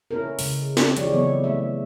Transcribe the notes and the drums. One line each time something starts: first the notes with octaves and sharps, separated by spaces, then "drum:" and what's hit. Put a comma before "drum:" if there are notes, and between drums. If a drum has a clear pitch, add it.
C#4 E4 A4 A#4
C#3 G#3, drum: open hi-hat
drum: snare
E3 F3 G#3 G4 C#5 D5, drum: hi-hat
C#3 F#3 B3 C4 A4 C#5
A3 E5